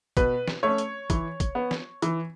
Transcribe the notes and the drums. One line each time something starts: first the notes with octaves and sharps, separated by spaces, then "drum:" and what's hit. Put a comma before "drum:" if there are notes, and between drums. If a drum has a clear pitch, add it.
B2 B4, drum: kick, hi-hat
drum: snare
A3 C#4 C#5
drum: hi-hat
E3, drum: kick, hi-hat
drum: kick, hi-hat
B3
drum: snare
E3, drum: hi-hat